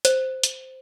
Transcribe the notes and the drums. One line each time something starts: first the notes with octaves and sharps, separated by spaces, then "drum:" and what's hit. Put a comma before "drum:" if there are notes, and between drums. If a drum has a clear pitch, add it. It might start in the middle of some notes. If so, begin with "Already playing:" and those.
C5, drum: hi-hat
drum: hi-hat